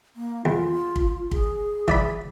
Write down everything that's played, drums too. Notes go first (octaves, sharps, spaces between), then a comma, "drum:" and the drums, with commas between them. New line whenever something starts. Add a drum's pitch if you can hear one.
A#3
E2 F4
drum: kick
G#4, drum: kick
E3 D5 B5, drum: kick